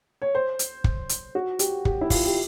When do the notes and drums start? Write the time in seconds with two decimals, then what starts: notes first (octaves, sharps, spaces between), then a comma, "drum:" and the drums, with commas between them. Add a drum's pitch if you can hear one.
0.22 C#5
0.35 C5
0.59 drum: hi-hat
0.84 drum: kick
1.09 drum: hi-hat
1.35 F#4
1.59 G4, drum: hi-hat
1.85 G4, drum: kick
2.01 E4
2.10 F4, drum: kick, open hi-hat
2.26 G4